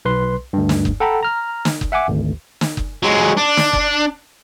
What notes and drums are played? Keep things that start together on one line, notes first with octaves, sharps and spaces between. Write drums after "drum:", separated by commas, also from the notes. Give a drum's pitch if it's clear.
B1 B4 C6
D2 G2
drum: snare
drum: kick F#1
A4 F#5 G5 A#5 B5
A#5 F6
drum: snare
drum: kick F#1
E5 F#5 G#5 D6
G#1 D2
drum: snare
drum: kick F#1
F#3 G#3
D4
drum: snare
drum: kick F#1